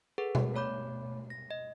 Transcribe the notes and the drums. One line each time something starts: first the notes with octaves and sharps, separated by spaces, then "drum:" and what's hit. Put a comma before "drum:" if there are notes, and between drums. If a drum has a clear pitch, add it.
G#4 A4 B4 F#5
drum: tom B2
A3 B3 C#5 B5 D6 G6
A#6
D#5